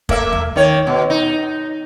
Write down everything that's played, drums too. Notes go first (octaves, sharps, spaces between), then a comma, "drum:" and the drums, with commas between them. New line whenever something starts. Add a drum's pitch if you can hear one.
A3 A#3 E5, drum: kick
drum: tom D#2
D#3 C#5
B2
D#4